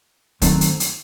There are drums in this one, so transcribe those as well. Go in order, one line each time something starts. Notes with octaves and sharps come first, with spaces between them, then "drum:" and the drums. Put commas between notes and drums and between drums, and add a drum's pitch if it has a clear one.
F#2 D#3 F#3 A3 C4, drum: kick, hi-hat
drum: hi-hat
drum: hi-hat